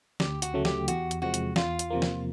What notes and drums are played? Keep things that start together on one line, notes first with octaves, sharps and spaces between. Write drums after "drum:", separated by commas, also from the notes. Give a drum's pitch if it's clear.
D2 G4, drum: snare
F#4, drum: hi-hat
C#3 F#3 A3
G4, drum: snare
E2 F#4, drum: hi-hat
drum: hi-hat
C3 F3 G#3 F#4
drum: hi-hat
E2 F4, drum: snare
drum: hi-hat
C3 F3 A#3
drum: snare